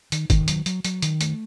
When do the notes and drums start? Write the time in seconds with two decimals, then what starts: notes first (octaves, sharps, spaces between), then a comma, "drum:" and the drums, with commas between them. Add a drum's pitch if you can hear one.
0.12 D#3, drum: hi-hat
0.30 D#3, drum: kick, hi-hat
0.48 F#3, drum: hi-hat
0.66 F#3, drum: hi-hat
0.84 F#3, drum: hi-hat
1.02 D#3, drum: hi-hat
1.21 A3, drum: hi-hat